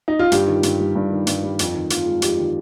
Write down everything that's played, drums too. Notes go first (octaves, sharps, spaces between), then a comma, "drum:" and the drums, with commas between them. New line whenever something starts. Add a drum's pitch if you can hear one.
D#4
F4
G2 G4, drum: hi-hat
D#3
G2, drum: hi-hat
G3
G2
D#3
G2, drum: hi-hat
G3
F2, drum: hi-hat
D#3
F2 F4, drum: hi-hat
G#3
F2 G4, drum: hi-hat
D#3